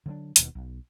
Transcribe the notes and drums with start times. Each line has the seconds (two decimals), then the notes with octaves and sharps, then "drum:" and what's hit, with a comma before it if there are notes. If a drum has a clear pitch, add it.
0.06 D3 F#3 A3 D4
0.36 D#1 D#2 B2, drum: hi-hat
0.55 B1